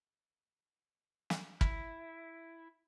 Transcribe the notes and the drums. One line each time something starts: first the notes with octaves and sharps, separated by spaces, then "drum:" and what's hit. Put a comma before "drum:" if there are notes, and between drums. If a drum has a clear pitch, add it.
drum: snare
E4, drum: kick